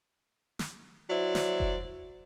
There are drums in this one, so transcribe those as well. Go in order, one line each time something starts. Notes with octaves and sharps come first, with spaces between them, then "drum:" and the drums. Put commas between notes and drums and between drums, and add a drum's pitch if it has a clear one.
drum: snare
F#3 E4 C5 D5
drum: snare
drum: kick F1